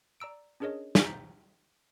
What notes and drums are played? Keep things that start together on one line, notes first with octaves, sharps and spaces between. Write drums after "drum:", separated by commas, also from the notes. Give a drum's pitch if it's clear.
D5 A#5 E6 D7
C#4 D4 G#4 A#4 C#5 D#5
drum: snare
A#5 G6 A6 B6